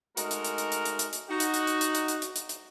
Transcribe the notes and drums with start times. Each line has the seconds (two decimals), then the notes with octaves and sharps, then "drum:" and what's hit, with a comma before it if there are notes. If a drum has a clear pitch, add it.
0.17 G#3 A3 D#4 F#4 A#4, drum: hi-hat
0.31 drum: hi-hat
0.45 drum: hi-hat
0.58 drum: hi-hat
0.72 drum: hi-hat
0.85 drum: hi-hat
0.99 drum: hi-hat
1.13 drum: hi-hat
1.29 D#4 F#4
1.40 drum: hi-hat
1.54 drum: hi-hat
1.67 drum: hi-hat
1.81 drum: hi-hat
1.95 drum: hi-hat
2.08 drum: hi-hat
2.22 drum: hi-hat
2.36 drum: hi-hat
2.49 drum: hi-hat